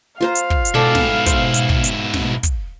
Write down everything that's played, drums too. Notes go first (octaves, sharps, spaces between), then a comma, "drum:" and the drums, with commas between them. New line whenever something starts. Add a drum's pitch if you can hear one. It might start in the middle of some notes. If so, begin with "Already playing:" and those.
F4 C5 F5 A#5
drum: hi-hat
drum: kick
drum: hi-hat
G#2 B2 E4 A4 D5 G5
drum: snare
C5, drum: kick, hi-hat
drum: hi-hat
drum: kick
drum: hi-hat
drum: snare
drum: kick, hi-hat